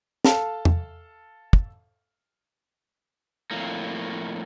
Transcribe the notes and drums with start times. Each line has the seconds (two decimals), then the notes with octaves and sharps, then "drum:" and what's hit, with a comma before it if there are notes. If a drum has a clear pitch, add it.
0.25 A4 F5 A5, drum: snare
0.65 drum: tom E2
1.53 drum: kick
3.51 F2 A2 A#3